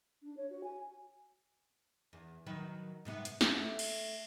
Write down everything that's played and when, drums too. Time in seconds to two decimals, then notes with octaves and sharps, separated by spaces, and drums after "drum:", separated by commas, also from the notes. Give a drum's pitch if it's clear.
0.23 D4
0.37 C#5
0.50 F#4
0.64 G#5
2.13 E2
2.46 D#3 F#3 B4
3.05 G#2 C3 B3
3.25 drum: hi-hat
3.41 drum: snare
3.56 A3
3.79 drum: cymbal